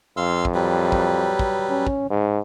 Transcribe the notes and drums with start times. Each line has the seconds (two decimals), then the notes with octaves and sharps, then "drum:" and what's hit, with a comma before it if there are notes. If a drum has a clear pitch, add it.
0.17 F2 F5 C6 E6
0.45 drum: kick
0.55 F#3 G3 B4
0.92 drum: kick
1.39 drum: kick
1.70 C#4
1.87 drum: kick
2.10 G#2